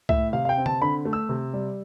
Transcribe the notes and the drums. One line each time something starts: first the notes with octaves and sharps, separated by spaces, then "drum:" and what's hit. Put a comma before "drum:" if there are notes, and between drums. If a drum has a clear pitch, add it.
A2 E5, drum: kick C2
C3 F5
F5
G5
C4
A5, drum: tom
D3 B5
A3
E6
C3
G3